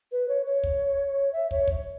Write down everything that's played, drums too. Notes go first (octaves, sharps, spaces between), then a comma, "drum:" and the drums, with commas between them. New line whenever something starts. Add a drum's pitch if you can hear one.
B4
C#5
C#5
drum: kick
E5
C#5, drum: kick
drum: kick